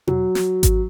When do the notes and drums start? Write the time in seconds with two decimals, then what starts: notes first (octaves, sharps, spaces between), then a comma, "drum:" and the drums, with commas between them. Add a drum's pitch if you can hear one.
0.07 F#3, drum: tom
0.35 drum: snare
0.63 drum: kick G#1, hi-hat